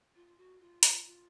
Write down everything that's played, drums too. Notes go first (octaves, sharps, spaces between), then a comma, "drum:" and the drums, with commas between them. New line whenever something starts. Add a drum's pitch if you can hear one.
F4
F#4
F4
drum: hi-hat
F4